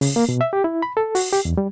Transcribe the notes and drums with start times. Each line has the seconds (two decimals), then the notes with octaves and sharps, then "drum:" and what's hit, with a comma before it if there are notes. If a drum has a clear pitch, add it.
0.01 C#3, drum: open hi-hat
0.16 A#3
0.29 B2
0.41 E5
0.53 G4
0.64 E4
0.82 B5
0.97 A4
1.15 F#4, drum: open hi-hat
1.32 G4, drum: hi-hat
1.45 E2
1.57 G3